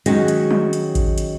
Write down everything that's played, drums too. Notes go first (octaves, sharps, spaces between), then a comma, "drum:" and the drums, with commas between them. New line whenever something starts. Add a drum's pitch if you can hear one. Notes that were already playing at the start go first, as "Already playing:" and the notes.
D#3 F#3 G#3 C#4 F#4, drum: hi-hat
drum: hi-hat
drum: tom
drum: hi-hat
drum: kick A1, hi-hat
drum: hi-hat